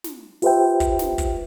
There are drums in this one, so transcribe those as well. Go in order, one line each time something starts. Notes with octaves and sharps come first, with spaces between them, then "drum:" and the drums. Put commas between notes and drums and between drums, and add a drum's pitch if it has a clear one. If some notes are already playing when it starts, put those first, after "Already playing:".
drum: snare
F4 G4 B4 C5 E5 G5, drum: open hi-hat
drum: kick, hi-hat
drum: snare
drum: kick, hi-hat